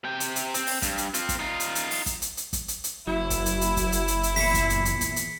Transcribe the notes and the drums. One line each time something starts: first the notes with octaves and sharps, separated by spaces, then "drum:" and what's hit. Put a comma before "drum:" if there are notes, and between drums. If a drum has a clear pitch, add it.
C3 G5
drum: hi-hat
drum: hi-hat
C4, drum: hi-hat
drum: open hi-hat
G2, drum: kick, hi-hat
drum: hi-hat
C4 F4, drum: hi-hat
drum: kick, hi-hat
D#4 F4
drum: hi-hat
drum: hi-hat
drum: open hi-hat
drum: kick, hi-hat
drum: hi-hat
drum: hi-hat
drum: kick, hi-hat
drum: hi-hat
drum: hi-hat
F#1 F#3 E4
drum: kick, hi-hat
drum: hi-hat
drum: hi-hat
drum: kick, hi-hat
drum: hi-hat
drum: hi-hat
drum: hi-hat
E2 A#2 B6 C#7, drum: open hi-hat
drum: kick, hi-hat
drum: hi-hat
drum: hi-hat
drum: kick, hi-hat
drum: hi-hat